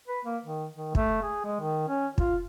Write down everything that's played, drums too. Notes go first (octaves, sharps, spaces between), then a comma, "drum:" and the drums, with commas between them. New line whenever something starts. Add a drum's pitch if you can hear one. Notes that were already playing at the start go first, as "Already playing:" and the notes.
B4
A#3
D#3
D#3
A3, drum: kick
G#4
G#3
D#3
C#4
F4, drum: kick